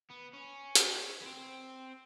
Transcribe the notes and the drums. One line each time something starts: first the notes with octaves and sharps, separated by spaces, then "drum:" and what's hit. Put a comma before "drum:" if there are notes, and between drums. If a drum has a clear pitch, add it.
B3
C#4
drum: hi-hat
B3
C4